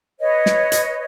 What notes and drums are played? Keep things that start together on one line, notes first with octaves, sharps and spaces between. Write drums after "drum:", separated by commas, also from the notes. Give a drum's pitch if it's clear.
B4 C#5 D#5
drum: snare
drum: hi-hat